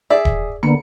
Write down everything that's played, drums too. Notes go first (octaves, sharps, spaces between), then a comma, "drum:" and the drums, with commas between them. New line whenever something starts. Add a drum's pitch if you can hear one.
G#4 D5 E5
drum: kick D#1
D3 A#3 B3 C#7